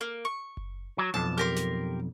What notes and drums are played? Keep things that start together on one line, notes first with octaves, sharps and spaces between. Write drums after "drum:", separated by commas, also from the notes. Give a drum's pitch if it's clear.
A#3
C#6
drum: kick F#1
F#3
B1 F2 A5
G4 A#4 C6
drum: snare